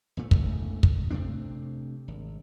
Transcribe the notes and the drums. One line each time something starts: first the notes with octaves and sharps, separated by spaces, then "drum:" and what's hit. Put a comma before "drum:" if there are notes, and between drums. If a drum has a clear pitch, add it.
G1 A#2 A3
E1 A1 F#2 A3, drum: kick
drum: kick
C3 A3 C4 D4
G#1